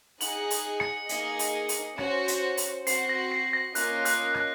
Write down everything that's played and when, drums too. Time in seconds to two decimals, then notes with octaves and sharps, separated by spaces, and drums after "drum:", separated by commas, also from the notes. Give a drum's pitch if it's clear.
0.21 D#4 G#4 D#5 F#5 F#7, drum: open hi-hat
0.51 drum: open hi-hat
0.80 C#7, drum: rim click
1.09 A#3 D#4 G#4 D#5, drum: hi-hat
1.39 drum: open hi-hat
1.69 drum: open hi-hat
1.98 C#4 F#4 C5, drum: rim click
2.28 drum: hi-hat
2.57 drum: open hi-hat
2.87 C4 F#4 C5 F#5 C7, drum: open hi-hat
3.09 A#6
3.32 C7
3.53 A#6
3.75 A#3 C#4 F4 A#4 D#5 F#6, drum: open hi-hat
4.05 F#6, drum: open hi-hat
4.35 F#6, drum: rim click